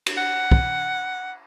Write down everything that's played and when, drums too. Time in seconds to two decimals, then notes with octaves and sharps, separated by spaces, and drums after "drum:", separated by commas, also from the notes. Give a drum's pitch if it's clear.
0.06 drum: cymbal
0.18 F#5
0.51 drum: kick